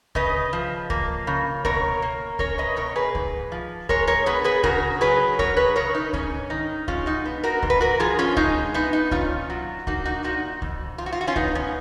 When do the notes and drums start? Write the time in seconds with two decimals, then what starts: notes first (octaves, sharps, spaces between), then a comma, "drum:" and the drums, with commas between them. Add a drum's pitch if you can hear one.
0.15 C#3 B4 D#5, drum: kick C#2
0.53 F3
0.90 A#3, drum: kick C#2
1.27 C#3
1.65 B2 A#4 C#5, drum: kick C#2
2.02 A#3
2.39 C#4 A#4 C#5, drum: kick C#2
2.58 B4 D#5
2.76 B2 A#4 C#5
2.96 G#4 B4
3.15 G#2, drum: kick C#2
3.52 F3
3.89 G#3 A#4 C#5, drum: kick C#2
4.07 A#4 C#5
4.26 B3 G#4 B4
4.44 G#4 B4
4.63 C#3 F#4 A#4, drum: kick C#2
5.01 F#3 G#4 B4
5.39 C#4 A#4 C#5, drum: kick C#2
5.57 G#4 B4
5.76 C#3 A#4 C#5
5.95 D#4
6.13 G#2 C#4, drum: kick C#2
6.50 D#3 D#4
6.88 G#3 C#4 F4, drum: kick C#2
7.06 D#4 F#4
7.25 B3
7.44 F#4 A#4
7.63 G#2, drum: kick C#2
7.70 B4
7.81 F#4 A#4
8.00 F3 F4 G#4
8.19 C#4 F4
8.37 G#3 D#4, drum: kick C#2
8.74 B3 D#4
8.93 D#4
9.11 A#2 C#4 F4, drum: kick C#2
9.50 F#3
9.87 A#3 D#4 F#4, drum: kick C#2
10.06 D#4 F#4
10.24 A#2 D#4 F#4
10.62 F2, drum: kick C#2
10.98 F3 F4
11.06 F#4
11.13 F4
11.21 F#4
11.27 C#4 F4
11.36 B3 D#4, drum: kick C#2
11.55 C#4